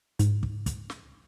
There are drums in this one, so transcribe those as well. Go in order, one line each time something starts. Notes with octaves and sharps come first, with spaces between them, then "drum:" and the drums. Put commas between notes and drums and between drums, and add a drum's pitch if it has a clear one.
G#2, drum: hi-hat
drum: kick
drum: kick, hi-hat
drum: snare